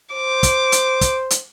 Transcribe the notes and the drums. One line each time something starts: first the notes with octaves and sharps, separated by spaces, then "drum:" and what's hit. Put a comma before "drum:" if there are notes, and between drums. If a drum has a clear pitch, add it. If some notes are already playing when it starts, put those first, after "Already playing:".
C5 D6
drum: kick, hi-hat
drum: hi-hat
drum: kick, hi-hat
drum: hi-hat